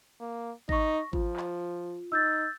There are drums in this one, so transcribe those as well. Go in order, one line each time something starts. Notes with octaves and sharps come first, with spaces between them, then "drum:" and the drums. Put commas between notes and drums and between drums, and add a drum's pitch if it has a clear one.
A#3
D#4 C#6 A#6, drum: kick G#1
F3 F4, drum: kick G#1
drum: clap
D#4 E6 G6 A6